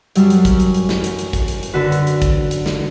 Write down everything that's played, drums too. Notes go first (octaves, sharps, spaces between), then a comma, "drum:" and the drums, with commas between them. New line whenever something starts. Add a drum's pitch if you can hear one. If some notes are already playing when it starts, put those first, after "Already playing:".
F#2 F#3 G3, drum: hi-hat
drum: hi-hat
drum: kick, hi-hat
drum: hi-hat
drum: hi-hat
drum: snare
drum: hi-hat
drum: hi-hat
drum: kick, hi-hat
drum: hi-hat
drum: hi-hat
D3 F#4 B4
drum: hi-hat
drum: hi-hat
drum: kick, hi-hat
drum: hi-hat
drum: snare